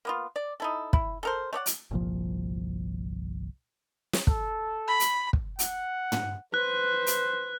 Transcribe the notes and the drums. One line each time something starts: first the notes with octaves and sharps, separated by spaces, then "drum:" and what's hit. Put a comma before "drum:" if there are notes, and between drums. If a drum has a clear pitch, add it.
A#3 B3 F4
D5
D#4 E4 A4
E4, drum: kick
A4 A#4 C5
A3 C#5 D5 F#5
drum: hi-hat
G1 C2 A#2 F3
drum: snare
A4, drum: kick
B5
drum: hi-hat
drum: kick
F#5, drum: hi-hat
drum: tom
B4 C5 F#6
drum: hi-hat